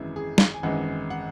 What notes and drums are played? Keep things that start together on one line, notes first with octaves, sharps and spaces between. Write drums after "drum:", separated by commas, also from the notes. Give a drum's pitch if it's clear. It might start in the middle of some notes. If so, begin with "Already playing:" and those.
Already playing: G#1 F#2 E3 G#3 E4
G#4
drum: snare
G#5
G#1 F#2 E3 G#3 F#5
F#5